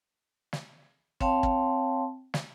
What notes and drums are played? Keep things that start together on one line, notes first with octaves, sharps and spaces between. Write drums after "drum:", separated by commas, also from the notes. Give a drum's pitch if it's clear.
drum: snare
C4 C#5 F5 G5 A5 C6, drum: kick
drum: kick
drum: snare